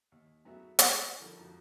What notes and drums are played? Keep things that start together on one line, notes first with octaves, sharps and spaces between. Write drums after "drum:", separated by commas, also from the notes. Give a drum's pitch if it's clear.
D#2
F#2 A3 B3 F#4 G#4 E5
drum: hi-hat
D3 F3 G3 D#4 A4 A#4
F2 F3 F#4 A5 A#5